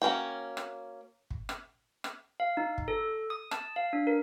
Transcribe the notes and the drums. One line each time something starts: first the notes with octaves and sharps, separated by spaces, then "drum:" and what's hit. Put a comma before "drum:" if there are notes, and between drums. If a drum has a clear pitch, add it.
A#3 C#4 F#4 G5
drum: rim click
drum: kick
drum: rim click
drum: rim click
F5
D#4
drum: kick
A4
D#6
A5, drum: rim click
F5
D4
A#4